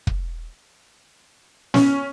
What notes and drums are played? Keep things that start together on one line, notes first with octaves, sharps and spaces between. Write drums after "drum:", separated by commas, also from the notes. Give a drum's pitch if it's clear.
drum: kick
C#4, drum: snare